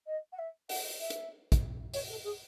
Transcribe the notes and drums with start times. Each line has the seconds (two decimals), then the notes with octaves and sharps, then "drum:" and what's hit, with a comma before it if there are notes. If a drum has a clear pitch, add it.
0.06 D#5
0.32 F#5
0.38 E5
0.69 F#5, drum: open hi-hat
1.00 E5
1.10 drum: hi-hat
1.52 drum: kick, hi-hat
1.94 C#5, drum: open hi-hat
2.09 A4
2.24 G#4